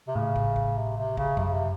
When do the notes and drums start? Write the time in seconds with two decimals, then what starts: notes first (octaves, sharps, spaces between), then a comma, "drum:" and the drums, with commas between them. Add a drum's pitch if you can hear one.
0.08 C3
0.15 A2 C#3
0.36 drum: kick
0.56 drum: kick
0.77 C3
0.97 C3
1.17 C#3, drum: kick
1.37 F#2 C3, drum: kick
1.44 C#3
1.53 C3